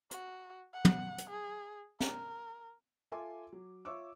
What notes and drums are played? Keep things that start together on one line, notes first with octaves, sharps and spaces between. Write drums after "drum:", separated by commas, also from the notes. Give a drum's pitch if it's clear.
F#4, drum: hi-hat
F#5
drum: tom
drum: hi-hat
G#4
A#4, drum: snare
F4 A4 E5 G#5 C6 D6
F#3
F4 C#5 E5 C#6 D6 E6